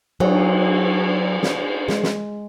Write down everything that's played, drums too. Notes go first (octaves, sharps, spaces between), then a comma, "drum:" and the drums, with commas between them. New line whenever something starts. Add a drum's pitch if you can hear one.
F#3, drum: cymbal
drum: snare
G#3, drum: snare
drum: snare